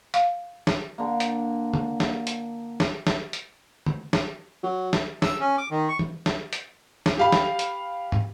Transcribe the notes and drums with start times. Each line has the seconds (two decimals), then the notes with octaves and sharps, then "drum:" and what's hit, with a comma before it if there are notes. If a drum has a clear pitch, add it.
0.14 F5, drum: hi-hat
0.67 drum: snare
0.98 D3 A#3
1.20 drum: hi-hat
1.74 drum: tom
2.00 drum: snare
2.27 drum: hi-hat
2.80 drum: snare
3.07 drum: snare
3.33 drum: hi-hat
3.86 drum: tom
4.13 drum: snare
4.63 F#3
4.93 drum: snare
5.22 E6, drum: snare
5.40 C#4
5.58 D6
5.71 D#3
5.89 C#6
5.99 drum: tom
6.26 drum: snare
6.53 drum: hi-hat
7.06 drum: snare
7.17 G4 F5 B5
7.32 drum: snare
7.59 drum: hi-hat
8.12 drum: tom